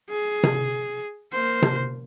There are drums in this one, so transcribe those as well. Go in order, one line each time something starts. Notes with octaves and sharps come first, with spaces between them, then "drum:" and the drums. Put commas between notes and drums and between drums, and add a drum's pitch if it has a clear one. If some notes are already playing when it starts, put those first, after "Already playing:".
G#4
drum: tom C3
A#3 C5
drum: tom C3